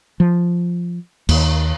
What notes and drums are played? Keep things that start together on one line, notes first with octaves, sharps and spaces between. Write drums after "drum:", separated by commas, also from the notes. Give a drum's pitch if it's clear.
F3
D#2, drum: cymbal